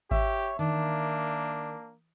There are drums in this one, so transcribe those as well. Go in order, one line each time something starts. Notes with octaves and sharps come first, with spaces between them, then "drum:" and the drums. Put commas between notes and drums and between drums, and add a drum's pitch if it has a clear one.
G4 C#5 E5, drum: kick G#1
D#3 A#3 D4